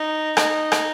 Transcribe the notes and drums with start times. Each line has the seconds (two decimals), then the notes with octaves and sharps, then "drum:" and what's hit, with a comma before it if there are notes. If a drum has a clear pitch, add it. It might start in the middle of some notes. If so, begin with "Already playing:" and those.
Already playing: D#4
0.37 D#4, drum: rim click
0.72 drum: rim click